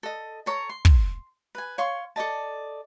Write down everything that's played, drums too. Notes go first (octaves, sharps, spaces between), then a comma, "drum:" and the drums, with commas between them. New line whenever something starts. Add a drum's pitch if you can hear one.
A4 D#5
A4 C#5 A#5
C6
drum: kick
B4 G#5
C#5 F5 C6 C#6
A4 D5 D#5 A5